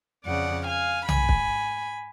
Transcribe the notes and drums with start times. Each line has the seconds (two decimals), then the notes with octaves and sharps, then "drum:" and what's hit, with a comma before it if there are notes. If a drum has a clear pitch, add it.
0.25 F2 C#3 D5 F#5
0.67 F5 G#5
1.09 G#2 G#5 B5, drum: tom B1
1.29 drum: kick